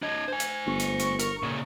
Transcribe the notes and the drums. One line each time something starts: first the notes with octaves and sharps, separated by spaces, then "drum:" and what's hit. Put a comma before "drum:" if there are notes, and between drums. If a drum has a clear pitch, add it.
D4 D#5 G#6
C5 G#5
drum: hi-hat
G1 C#6
drum: hi-hat
drum: hi-hat
A#4, drum: hi-hat
A#2 C#3